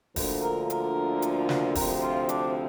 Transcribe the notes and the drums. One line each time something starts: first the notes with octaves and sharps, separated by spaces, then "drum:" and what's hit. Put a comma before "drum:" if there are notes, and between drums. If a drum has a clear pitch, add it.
D2 D3 F3 A#3 F4, drum: kick E1, open hi-hat
A#4
A#4, drum: hi-hat
drum: hi-hat
drum: snare
D2 C3 F3 C4 A#4, drum: kick E1, open hi-hat
F4
D4, drum: hi-hat